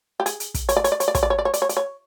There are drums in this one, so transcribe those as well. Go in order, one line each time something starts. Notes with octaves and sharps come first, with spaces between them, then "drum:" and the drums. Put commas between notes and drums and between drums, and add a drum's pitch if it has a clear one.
G4
G#4, drum: hi-hat
drum: hi-hat
drum: kick, hi-hat
C#5, drum: hi-hat
D5
C#5, drum: hi-hat
D5
C#5, drum: hi-hat
D5
C#5, drum: kick, hi-hat
D5
C#5
D5
C#5
D5, drum: hi-hat
C#5
D5, drum: hi-hat
C#5